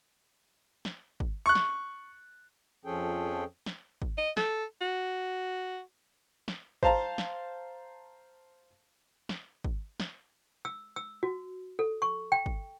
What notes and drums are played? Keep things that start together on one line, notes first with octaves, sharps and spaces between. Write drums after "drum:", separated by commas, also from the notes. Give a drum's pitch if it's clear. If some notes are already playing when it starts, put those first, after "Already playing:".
drum: snare
drum: kick G#1
C#6 F#6
drum: snare
F2 F3 C#4 G#4 A4 G5
drum: snare
drum: kick G#1
D#5
A4, drum: snare
F#4
drum: snare
C5 F5 A5 A#5, drum: kick G#1
drum: snare
drum: snare
drum: kick G#1
drum: snare
E6
E6
F#4
A4
C#6
G5
drum: kick G#1